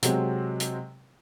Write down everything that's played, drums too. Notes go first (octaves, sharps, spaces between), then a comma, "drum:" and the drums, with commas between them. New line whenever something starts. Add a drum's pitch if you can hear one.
C3 F#3 G#3 C4, drum: hi-hat
drum: hi-hat